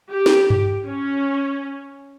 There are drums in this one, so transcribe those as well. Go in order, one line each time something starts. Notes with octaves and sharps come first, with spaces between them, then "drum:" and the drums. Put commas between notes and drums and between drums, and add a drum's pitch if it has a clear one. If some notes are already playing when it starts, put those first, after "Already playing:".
G4
drum: snare
drum: tom G2
C#4